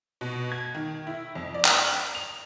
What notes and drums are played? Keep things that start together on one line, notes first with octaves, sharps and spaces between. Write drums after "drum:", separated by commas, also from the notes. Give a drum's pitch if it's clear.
B2
G#6
D#3
E4
F2
D5
drum: clap
F7